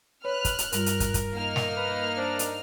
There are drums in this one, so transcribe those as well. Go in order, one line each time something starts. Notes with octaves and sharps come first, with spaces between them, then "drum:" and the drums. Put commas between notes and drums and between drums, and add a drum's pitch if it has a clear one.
B4 C#5 F6 F#6
drum: kick, hi-hat
drum: hi-hat
G2 G3 F4 A#4, drum: hi-hat
drum: hi-hat
drum: kick, hi-hat
drum: kick, hi-hat
A#3 D#4 F6
drum: snare
B4
D4 C5
drum: hi-hat